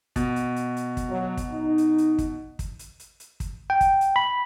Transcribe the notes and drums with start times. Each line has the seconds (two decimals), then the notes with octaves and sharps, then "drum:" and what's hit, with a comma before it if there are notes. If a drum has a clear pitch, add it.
0.16 B2, drum: kick, hi-hat
0.36 drum: hi-hat
0.56 drum: hi-hat
0.77 drum: hi-hat
0.97 drum: kick, hi-hat
1.10 F#3
1.37 drum: kick, hi-hat
1.51 D#4
1.78 drum: hi-hat
1.98 drum: hi-hat
2.18 drum: kick, hi-hat
2.59 drum: kick, hi-hat
2.79 drum: hi-hat
3.00 drum: hi-hat
3.20 drum: hi-hat
3.40 drum: kick, hi-hat
3.70 G5
3.81 drum: kick, hi-hat
4.01 drum: hi-hat
4.16 B5